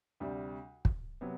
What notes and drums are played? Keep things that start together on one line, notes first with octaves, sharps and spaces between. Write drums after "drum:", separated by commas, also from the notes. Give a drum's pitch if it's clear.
D2 C3 G3
drum: kick
C3 F#3 B3